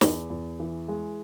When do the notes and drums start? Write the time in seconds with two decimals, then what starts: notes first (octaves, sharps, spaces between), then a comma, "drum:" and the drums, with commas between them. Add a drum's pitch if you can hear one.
0.01 E2, drum: snare
0.30 E2
0.60 E3
0.88 G#3